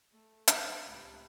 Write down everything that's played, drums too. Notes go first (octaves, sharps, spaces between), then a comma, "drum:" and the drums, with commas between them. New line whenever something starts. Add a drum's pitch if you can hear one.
A3
A4 D5, drum: hi-hat
C#2 A2 C3 B5 F#6